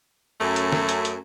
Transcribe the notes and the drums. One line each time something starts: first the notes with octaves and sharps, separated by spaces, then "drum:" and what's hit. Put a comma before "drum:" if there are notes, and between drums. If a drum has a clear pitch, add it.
F#2 A3
drum: hi-hat
drum: snare
drum: hi-hat
drum: hi-hat